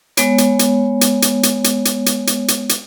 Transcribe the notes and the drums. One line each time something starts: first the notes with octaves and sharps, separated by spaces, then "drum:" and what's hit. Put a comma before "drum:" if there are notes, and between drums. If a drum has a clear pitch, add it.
G#3 B3 C#5, drum: hi-hat
drum: hi-hat
drum: hi-hat
drum: hi-hat
drum: hi-hat
drum: hi-hat
drum: hi-hat
drum: hi-hat
drum: hi-hat
drum: hi-hat
drum: hi-hat
drum: hi-hat